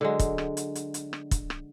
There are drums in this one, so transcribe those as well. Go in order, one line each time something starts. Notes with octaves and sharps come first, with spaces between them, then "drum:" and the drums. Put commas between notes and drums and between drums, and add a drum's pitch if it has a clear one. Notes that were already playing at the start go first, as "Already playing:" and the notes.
D3 F#3 G#3
drum: kick, hi-hat
drum: rim click
drum: hi-hat
drum: hi-hat
drum: hi-hat
drum: rim click
drum: kick, hi-hat
drum: rim click